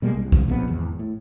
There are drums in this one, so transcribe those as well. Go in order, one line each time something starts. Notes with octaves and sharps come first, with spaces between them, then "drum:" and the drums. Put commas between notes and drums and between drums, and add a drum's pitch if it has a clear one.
B2 G3 G#3 A#3
C2
drum: kick
F1 A#1 F2 B3
G#1 E2
A2